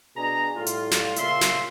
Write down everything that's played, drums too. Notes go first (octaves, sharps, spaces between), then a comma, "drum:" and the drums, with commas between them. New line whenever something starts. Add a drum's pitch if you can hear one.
B2 D4 G#4 A#5
A2 G3 F4
drum: hi-hat
drum: snare
A#2 C#3 F4 E5 C6, drum: hi-hat
drum: snare